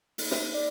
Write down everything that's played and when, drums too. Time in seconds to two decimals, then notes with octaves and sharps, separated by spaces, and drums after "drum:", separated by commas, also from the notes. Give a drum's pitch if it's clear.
0.18 A#3 D#4 G#4, drum: open hi-hat
0.31 drum: snare
0.54 D5